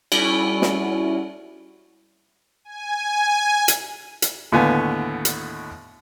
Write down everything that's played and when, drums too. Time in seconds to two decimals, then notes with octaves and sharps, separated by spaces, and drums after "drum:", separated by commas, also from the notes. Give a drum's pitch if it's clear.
0.12 G3 C#4 E4 F#4, drum: cymbal
0.62 drum: snare
2.65 G#5
3.68 drum: hi-hat
4.22 drum: hi-hat
4.52 D#2 A2 D3 B3 F5 G#5
5.25 drum: hi-hat